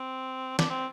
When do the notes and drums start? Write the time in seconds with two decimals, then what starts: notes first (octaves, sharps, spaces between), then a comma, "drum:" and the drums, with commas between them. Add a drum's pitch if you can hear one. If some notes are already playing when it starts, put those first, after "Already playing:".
Already playing: C4
0.59 D4, drum: snare
0.70 C4